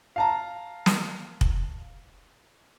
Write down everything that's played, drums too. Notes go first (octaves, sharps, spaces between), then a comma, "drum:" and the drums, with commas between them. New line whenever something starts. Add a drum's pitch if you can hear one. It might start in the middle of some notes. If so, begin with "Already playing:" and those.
F5 A5 A#5
drum: snare
drum: kick